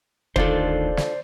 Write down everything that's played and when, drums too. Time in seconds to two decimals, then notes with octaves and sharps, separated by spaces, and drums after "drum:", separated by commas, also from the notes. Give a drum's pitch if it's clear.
0.36 E1 D2 D#3 D4 F4 A4 C5 D5, drum: kick
0.97 drum: snare